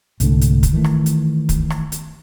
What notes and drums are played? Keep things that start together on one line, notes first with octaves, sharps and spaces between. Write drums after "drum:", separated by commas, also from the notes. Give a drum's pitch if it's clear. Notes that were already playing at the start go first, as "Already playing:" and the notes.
C2 G#2 D3 A3, drum: hi-hat
drum: hi-hat
drum: kick, hi-hat
D#3 E3 A3
drum: rim click
drum: hi-hat
drum: kick, hi-hat
drum: rim click
drum: hi-hat